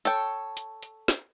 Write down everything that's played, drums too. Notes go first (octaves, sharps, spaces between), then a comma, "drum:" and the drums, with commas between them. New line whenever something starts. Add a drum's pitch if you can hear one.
A4 C#5 G5, drum: hi-hat
drum: hi-hat
drum: hi-hat
drum: snare